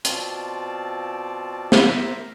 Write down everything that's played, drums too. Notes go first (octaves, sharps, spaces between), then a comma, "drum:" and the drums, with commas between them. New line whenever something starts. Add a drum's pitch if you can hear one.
B2 C4 F4 D5 A5, drum: hi-hat
A#4 C5 E5, drum: snare